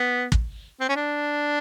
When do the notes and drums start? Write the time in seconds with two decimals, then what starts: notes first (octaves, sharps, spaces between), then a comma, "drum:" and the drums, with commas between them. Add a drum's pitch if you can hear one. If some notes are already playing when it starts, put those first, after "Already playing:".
Already playing: B3
0.32 drum: kick
0.80 C4
0.89 C#4
0.96 D4